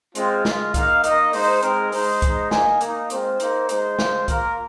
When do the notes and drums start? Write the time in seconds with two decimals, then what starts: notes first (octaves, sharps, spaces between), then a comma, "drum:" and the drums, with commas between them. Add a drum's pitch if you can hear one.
0.15 G#3 C4 F4, drum: hi-hat
0.45 G#3 F4, drum: snare
0.74 A#3 D#4 F5, drum: kick C2, hi-hat
1.04 A#3 D#4 D#5, drum: hi-hat
1.33 G#3 D#4 C5, drum: open hi-hat
1.63 G#3 C4 D#4 A#4, drum: hi-hat
1.92 G#3 D#4 C5, drum: open hi-hat
2.22 G#3 D#4, drum: kick C2, hi-hat
2.51 A#3 D#4 G#5, drum: snare
2.81 A#3 D#4, drum: hi-hat
3.10 G#3 C4 F4 C5, drum: hi-hat
3.40 A#3 D#4, drum: hi-hat
3.69 G#3 D#4 C5, drum: hi-hat
3.99 G#3 F4, drum: snare
4.28 A#3 F4 A#4, drum: kick C2, hi-hat